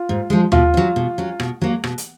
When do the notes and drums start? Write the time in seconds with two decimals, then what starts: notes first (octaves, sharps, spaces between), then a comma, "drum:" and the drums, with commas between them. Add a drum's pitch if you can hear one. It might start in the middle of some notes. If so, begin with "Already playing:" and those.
Already playing: F4
0.09 G#2
0.30 F3 G#3
0.52 B2 F4, drum: tom D#2
0.74 F#3 C#4
0.96 B2
1.18 F#3 C#4
1.40 B2, drum: rim click
1.62 F#3 A#3
1.84 B2, drum: rim click
1.98 drum: hi-hat